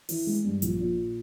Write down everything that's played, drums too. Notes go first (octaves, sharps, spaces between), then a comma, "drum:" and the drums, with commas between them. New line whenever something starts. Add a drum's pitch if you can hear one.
E3, drum: open hi-hat
G#3
G2
A#1, drum: hi-hat
A#2